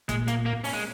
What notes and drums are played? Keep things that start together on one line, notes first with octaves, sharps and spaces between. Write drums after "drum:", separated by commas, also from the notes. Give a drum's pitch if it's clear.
A#2 G#3, drum: kick, hi-hat
A#3, drum: hi-hat
A#3
C#4, drum: open hi-hat
G#3